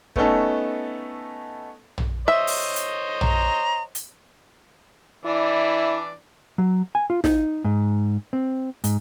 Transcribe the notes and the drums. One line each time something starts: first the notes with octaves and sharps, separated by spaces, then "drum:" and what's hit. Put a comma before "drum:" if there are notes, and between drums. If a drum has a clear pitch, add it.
A3 B3 C#4 D#4 A4, drum: kick
drum: tom
C5 C#5 D#5 E5
drum: open hi-hat
drum: hi-hat
A#5, drum: tom
drum: hi-hat
E3 D4 E4 D5
F#3
G#5
F4
D#4, drum: snare
G#2
C4
G#2, drum: hi-hat